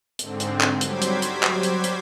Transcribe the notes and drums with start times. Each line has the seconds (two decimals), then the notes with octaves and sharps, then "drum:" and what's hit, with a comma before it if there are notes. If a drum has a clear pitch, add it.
0.19 G#2 D3 C4, drum: hi-hat
0.40 drum: hi-hat
0.61 drum: clap
0.81 F#3 G3 C5 D6 G#6 B6, drum: hi-hat
1.02 drum: hi-hat
1.22 drum: hi-hat
1.43 drum: clap
1.63 drum: hi-hat
1.84 drum: hi-hat